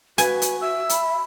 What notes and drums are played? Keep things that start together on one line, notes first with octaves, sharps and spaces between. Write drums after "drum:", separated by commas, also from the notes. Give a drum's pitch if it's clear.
F#4 B4 G#5, drum: hi-hat
drum: hi-hat
E5 E6
B5, drum: hi-hat